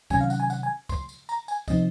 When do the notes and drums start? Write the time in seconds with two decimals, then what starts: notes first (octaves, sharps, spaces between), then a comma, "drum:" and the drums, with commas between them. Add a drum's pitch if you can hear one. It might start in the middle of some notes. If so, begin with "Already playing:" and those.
0.10 C3 D#3 F#3 C#4 G#5, drum: kick, tambourine
0.21 F5
0.30 F#5, drum: tambourine
0.40 G#5
0.50 F#5, drum: tambourine
0.63 G#5
0.89 C6, drum: kick, tambourine
1.09 drum: tambourine
1.29 A#5, drum: tambourine
1.48 G#5, drum: tambourine
1.68 C3 F3 C4 D#4 D#5, drum: kick, tambourine